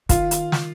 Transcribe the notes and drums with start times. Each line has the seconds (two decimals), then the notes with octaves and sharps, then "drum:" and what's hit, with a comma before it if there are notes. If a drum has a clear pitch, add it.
0.09 D#3 F4, drum: kick, hi-hat
0.31 drum: hi-hat
0.52 drum: snare